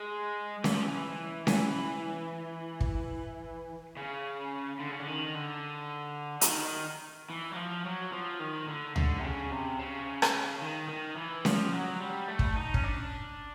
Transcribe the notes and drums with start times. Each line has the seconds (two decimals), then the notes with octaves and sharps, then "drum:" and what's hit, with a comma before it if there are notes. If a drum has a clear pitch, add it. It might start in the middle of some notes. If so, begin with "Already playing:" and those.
Already playing: G#3
0.64 E3, drum: snare C#4
0.73 F3
0.84 E3
1.47 E3, drum: snare C#4
2.81 drum: kick
3.97 C#3
4.79 D3
4.90 C#3
4.99 D3
5.07 D#3
5.35 D3
6.41 D3, drum: hi-hat
6.45 D#3
7.30 E3
7.52 F#3
7.56 F3
7.85 F#3
8.12 F3
8.40 D#3
8.68 D3
8.96 D3, drum: tom C#2
9.19 C3
9.23 C#3
9.51 C3
9.79 C#3
10.22 drum: rim click
10.62 D#3
10.89 D#3
11.17 E3
11.45 F3, drum: snare C#4
11.73 F#3
12.01 G3
12.28 A3
12.39 drum: kick
12.56 D#4
12.74 C#4, drum: kick
12.84 D4